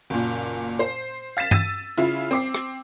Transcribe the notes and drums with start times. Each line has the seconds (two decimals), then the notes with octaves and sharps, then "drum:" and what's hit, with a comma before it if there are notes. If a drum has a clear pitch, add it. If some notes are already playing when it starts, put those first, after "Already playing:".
0.10 F#1 A#2
0.79 C5
1.37 F5 A6 B6 E7
1.51 E6 A6 D#7, drum: tom G2
1.98 C#3 E4 F4
2.31 C4 D6 C7
2.54 drum: rim click